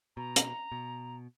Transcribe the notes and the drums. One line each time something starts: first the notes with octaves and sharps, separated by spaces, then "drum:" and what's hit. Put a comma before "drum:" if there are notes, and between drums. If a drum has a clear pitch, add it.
B2 A#5
drum: hi-hat
B2